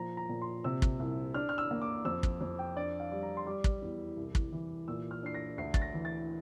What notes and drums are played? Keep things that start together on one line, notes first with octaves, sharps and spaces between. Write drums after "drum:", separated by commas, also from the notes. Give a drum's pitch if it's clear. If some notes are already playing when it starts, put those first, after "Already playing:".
Already playing: A#2 F3 A#5
A#5
A#2
C6
C3 E6
drum: kick
C2
D4 F6
F6
E6
A#3
D6
F2 E6
drum: kick
F2
G5
D4 D5
F5
G3
A#5
C6
G3 D6
drum: kick
E2
C2
drum: kick
E3
A#2 E6
F6
D4 C7
A#6
D2 C7
A6, drum: kick
A#6
E3
A6